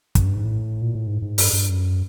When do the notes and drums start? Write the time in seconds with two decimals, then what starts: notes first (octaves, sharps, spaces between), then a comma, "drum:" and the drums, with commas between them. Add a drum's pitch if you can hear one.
0.15 F#2, drum: kick, hi-hat
0.25 G2
0.35 G#2
0.45 A2
0.82 A#2
0.95 A2
1.07 G#2
1.22 G#2
1.38 G2, drum: open hi-hat
1.53 G2
1.70 F#2